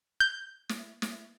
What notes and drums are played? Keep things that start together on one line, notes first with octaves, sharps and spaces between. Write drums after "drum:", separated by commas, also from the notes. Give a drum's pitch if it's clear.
G6
drum: snare
drum: snare